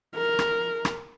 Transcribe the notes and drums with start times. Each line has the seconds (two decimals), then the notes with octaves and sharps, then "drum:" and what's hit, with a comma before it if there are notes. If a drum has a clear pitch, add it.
0.16 A#4
0.39 drum: rim click
0.85 drum: rim click